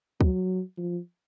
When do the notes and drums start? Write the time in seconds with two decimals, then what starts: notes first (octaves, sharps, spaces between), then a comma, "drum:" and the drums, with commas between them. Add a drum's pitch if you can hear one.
0.21 F#3, drum: kick
0.77 F3